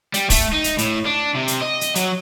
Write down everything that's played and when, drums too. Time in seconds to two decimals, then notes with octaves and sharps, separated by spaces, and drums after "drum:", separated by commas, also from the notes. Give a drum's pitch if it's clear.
0.14 G3, drum: hi-hat
0.30 A3, drum: kick, open hi-hat
0.53 D#4
0.64 drum: hi-hat
0.78 A2, drum: hi-hat
1.06 D4
1.35 C3
1.48 drum: hi-hat
1.61 D#5
1.81 drum: hi-hat
1.95 F#3, drum: hi-hat